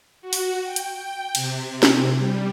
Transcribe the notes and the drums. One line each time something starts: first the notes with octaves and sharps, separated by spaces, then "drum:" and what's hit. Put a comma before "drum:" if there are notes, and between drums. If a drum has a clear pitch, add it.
F#4
drum: open hi-hat
G5
drum: hi-hat
G5
C3, drum: cymbal
C3
drum: snare
G3